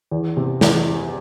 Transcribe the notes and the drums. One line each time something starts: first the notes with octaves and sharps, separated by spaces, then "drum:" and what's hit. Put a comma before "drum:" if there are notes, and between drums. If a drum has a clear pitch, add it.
E2
C3
E2, drum: snare